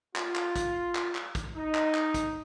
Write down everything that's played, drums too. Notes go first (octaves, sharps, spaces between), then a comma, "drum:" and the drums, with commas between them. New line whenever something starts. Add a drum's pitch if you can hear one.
F4, drum: clap
drum: clap
drum: kick, hi-hat
drum: clap
drum: clap
drum: kick, hi-hat
D#4
drum: clap
drum: clap
drum: kick, hi-hat